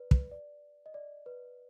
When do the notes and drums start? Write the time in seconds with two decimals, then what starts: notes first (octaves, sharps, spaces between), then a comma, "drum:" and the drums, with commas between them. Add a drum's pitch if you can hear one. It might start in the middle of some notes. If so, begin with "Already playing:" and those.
Already playing: B4 D5
0.11 B4, drum: kick
0.31 D5
0.86 D#5
0.94 D5
1.26 B4